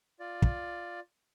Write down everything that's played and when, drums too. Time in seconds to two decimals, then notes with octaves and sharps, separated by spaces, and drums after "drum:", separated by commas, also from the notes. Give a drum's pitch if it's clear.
0.20 F4 D5
0.42 drum: kick